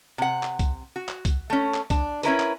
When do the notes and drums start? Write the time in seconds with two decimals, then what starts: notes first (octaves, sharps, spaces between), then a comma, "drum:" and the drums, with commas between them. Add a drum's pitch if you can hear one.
0.18 C3 F#5
0.43 drum: clap
0.59 drum: kick, hi-hat
0.96 F#4
1.09 drum: clap
1.25 drum: kick, hi-hat
1.50 A3 C#4
1.74 drum: clap
1.90 D4, drum: kick, hi-hat
2.23 C#4 E4 A#4 B4, drum: hi-hat
2.40 drum: clap